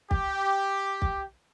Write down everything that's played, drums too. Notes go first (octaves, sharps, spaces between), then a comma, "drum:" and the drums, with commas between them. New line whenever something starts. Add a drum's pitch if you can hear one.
G4, drum: kick
drum: kick